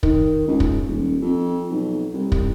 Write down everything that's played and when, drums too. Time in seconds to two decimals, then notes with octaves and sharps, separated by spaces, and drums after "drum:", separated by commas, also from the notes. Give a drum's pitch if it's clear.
0.03 D#3, drum: kick
0.47 C#2
0.60 drum: kick
0.87 D#1
1.22 F2
1.70 B1
2.14 C2
2.32 drum: kick